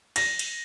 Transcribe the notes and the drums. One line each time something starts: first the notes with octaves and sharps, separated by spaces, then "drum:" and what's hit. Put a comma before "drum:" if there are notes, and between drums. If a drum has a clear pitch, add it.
A#6, drum: cymbal
drum: cymbal